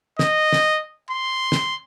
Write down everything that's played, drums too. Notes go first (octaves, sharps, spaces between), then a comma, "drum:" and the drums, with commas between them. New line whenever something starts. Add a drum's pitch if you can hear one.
D#5, drum: snare
drum: snare
C6
drum: snare